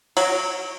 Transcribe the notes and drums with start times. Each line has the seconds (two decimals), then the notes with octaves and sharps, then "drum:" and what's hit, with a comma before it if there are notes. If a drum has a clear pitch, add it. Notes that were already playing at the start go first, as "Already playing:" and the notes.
0.17 F#3, drum: cymbal